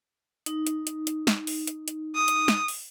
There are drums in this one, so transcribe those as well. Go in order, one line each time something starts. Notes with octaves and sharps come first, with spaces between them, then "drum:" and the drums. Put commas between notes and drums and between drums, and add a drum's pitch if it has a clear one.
D#4, drum: hi-hat
drum: hi-hat
drum: hi-hat
drum: hi-hat
drum: snare
drum: open hi-hat
drum: hi-hat
drum: hi-hat
D#6
drum: hi-hat
drum: snare
drum: open hi-hat